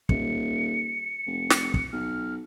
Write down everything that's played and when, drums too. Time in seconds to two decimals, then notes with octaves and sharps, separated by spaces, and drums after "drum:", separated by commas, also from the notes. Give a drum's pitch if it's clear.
0.09 D#1 C#7, drum: kick
1.26 F1
1.50 drum: snare
1.74 drum: kick
1.92 B1 F6